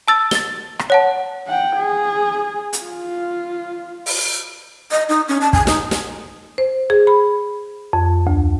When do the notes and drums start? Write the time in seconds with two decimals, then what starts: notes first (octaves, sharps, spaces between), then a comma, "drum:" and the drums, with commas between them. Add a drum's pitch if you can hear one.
0.08 A5 E6 A6
0.31 A6 G7, drum: snare
0.79 drum: rim click
0.90 C#5 F#5 A5
1.47 F#5 G5
1.77 G#4
2.73 drum: hi-hat
2.83 F4
4.06 drum: open hi-hat
4.91 D#5
5.09 D#4
5.28 C#4
5.41 A5
5.53 G#5, drum: kick
5.67 D#4, drum: snare
5.91 drum: snare
6.58 C5
6.90 G#4
7.07 B5
7.93 F2
8.27 D2